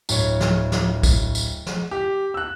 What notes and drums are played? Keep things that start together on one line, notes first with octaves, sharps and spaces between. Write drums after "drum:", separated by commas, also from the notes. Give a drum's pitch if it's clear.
D1 C#5, drum: tambourine
drum: snare
drum: snare
drum: kick, tambourine
drum: tambourine
drum: snare
G4
E6 F#6